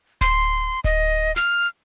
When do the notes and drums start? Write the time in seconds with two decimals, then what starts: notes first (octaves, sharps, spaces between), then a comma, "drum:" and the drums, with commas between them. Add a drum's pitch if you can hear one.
0.21 C6, drum: kick D1
0.84 D#5, drum: kick D1
1.36 F6, drum: snare